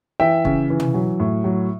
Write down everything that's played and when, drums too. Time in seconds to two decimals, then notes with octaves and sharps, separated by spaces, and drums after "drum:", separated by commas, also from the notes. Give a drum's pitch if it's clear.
0.20 E3 E5 G5
0.45 C#3, drum: kick
0.70 E3
0.80 drum: tom
0.94 F#3
1.20 A2
1.44 F#3